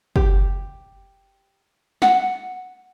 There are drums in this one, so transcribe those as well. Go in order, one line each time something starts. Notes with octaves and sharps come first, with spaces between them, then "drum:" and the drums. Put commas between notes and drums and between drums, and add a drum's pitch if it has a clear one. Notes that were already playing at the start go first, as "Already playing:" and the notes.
G4, drum: kick
F#5, drum: snare